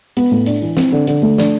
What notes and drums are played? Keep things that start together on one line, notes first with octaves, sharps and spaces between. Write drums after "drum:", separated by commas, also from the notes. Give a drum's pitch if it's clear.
B3, drum: hi-hat
A2
D4, drum: hi-hat
E3
C4, drum: snare
D3
D3, drum: hi-hat
A3
D4, drum: snare